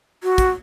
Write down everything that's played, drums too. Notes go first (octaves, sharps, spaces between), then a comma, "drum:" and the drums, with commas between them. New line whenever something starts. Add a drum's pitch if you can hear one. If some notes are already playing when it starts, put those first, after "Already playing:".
F#4
drum: kick, hi-hat